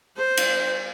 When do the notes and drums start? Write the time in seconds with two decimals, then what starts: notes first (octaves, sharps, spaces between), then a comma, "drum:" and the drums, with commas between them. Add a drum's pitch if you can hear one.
0.17 C5
0.37 drum: cymbal